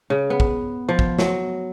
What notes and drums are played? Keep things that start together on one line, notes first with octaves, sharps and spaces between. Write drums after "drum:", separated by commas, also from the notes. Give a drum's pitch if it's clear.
C#3
B3
drum: kick
F3
drum: kick
F#3, drum: snare